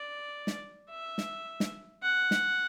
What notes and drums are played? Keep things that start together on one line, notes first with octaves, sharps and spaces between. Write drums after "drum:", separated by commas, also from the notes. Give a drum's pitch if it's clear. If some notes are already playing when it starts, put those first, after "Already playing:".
Already playing: D5
drum: snare
E5
drum: snare
drum: snare
F#5
drum: snare